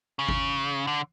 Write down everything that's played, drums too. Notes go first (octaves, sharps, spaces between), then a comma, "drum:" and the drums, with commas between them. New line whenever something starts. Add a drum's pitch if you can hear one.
C#3
drum: kick G#1
D3